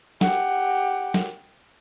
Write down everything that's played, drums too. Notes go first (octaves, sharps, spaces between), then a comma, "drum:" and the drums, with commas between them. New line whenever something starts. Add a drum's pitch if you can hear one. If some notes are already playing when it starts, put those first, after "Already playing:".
G4 F#5, drum: snare
drum: snare